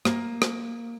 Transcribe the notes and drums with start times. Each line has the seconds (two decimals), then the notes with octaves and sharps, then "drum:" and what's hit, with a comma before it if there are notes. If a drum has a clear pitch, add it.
0.05 A#3, drum: rim click
0.42 drum: rim click